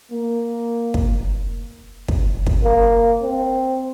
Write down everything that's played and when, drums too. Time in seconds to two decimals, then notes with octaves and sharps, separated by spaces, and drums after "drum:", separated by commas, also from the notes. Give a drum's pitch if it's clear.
0.12 A#3
0.94 drum: kick
2.08 drum: kick
2.46 drum: kick
2.63 A#3
3.23 C4